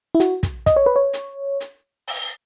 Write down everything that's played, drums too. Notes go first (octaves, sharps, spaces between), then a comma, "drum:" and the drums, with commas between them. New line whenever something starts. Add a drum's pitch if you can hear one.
E4
F#4, drum: hi-hat
drum: kick, hi-hat
D#5, drum: kick, hi-hat
C#5
B4
C#5
drum: hi-hat
drum: hi-hat
drum: open hi-hat